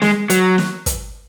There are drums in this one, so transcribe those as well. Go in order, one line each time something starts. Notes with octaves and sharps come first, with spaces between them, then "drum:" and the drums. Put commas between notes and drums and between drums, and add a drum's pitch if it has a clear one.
G#3, drum: snare
F#3, drum: hi-hat
drum: snare
drum: kick, hi-hat